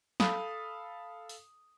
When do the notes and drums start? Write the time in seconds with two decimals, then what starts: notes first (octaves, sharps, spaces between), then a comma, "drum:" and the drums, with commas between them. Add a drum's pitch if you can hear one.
0.20 A4 F5 A5 B5 D#6, drum: snare
1.29 drum: open hi-hat